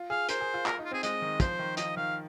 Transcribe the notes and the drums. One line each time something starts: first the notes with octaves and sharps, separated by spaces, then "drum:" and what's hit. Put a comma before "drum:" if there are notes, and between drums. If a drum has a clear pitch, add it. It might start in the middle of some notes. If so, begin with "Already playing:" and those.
Already playing: F4
G#4 F5
A#4 C5, drum: hi-hat
G#4
F4
F4 A#4, drum: clap
D#4
F4
C4 G#4
G#3 D#5, drum: hi-hat
D#3
F3 C5, drum: kick, hi-hat
D#3
F3 D#5, drum: hi-hat
D#3 F5